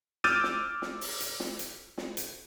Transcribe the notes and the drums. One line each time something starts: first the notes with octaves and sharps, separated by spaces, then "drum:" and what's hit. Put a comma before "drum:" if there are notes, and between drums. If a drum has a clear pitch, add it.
D6 E6 F6 G6 A6 D#7, drum: snare
drum: snare
drum: snare
drum: open hi-hat
drum: hi-hat
drum: snare
drum: hi-hat
drum: snare
drum: hi-hat